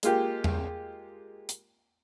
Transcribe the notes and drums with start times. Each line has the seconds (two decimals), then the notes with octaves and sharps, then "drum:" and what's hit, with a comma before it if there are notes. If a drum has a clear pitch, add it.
0.03 G#3 A#3 F4 G4, drum: hi-hat
0.44 drum: tom E2
1.49 drum: hi-hat